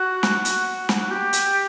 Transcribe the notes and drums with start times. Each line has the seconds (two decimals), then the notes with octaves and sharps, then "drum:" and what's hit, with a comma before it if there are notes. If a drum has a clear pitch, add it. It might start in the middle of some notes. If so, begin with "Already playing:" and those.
Already playing: F#4
0.23 drum: snare
0.45 drum: hi-hat
0.89 drum: snare
1.11 G4
1.33 drum: hi-hat